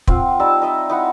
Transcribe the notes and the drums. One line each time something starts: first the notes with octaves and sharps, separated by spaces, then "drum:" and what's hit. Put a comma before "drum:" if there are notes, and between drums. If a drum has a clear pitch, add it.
C4 F4 F#5, drum: kick
G3 D#4 A5 E6
D#4 D#5 E5
D#4 E4 F#5